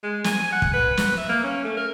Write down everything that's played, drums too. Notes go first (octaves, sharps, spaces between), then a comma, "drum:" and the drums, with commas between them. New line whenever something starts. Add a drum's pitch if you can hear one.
G#3
G#5, drum: snare
F#5
drum: kick
B4
B4, drum: snare
E5
A#3
C#4
A3
A#4